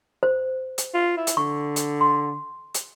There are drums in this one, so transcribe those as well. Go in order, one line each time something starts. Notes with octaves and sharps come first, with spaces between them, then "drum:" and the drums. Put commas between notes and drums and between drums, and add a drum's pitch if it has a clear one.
C5
drum: hi-hat
F4
E4
drum: hi-hat
D3 C#6
drum: hi-hat
C6
drum: hi-hat